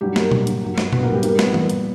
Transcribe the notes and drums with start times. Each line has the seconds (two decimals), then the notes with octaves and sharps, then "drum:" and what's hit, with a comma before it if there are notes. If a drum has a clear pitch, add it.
0.01 G2 F#3 G3 G4
0.16 A#3 A#4, drum: snare
0.31 G2 F#3, drum: tom A#2
0.47 drum: hi-hat
0.62 G2 F#3
0.78 drum: snare
0.93 G2 F#3 B3 B4, drum: tom A#2
1.03 A#3 A#4
1.13 G3 G4
1.23 A#2 G3 A#3 A#4, drum: hi-hat
1.39 B3 B4, drum: snare
1.54 A#2 G3, drum: tom E3
1.70 drum: hi-hat